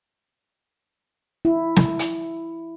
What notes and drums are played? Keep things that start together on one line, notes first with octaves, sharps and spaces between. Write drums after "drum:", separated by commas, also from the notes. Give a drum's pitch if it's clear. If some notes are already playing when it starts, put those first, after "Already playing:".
E4
drum: snare
drum: hi-hat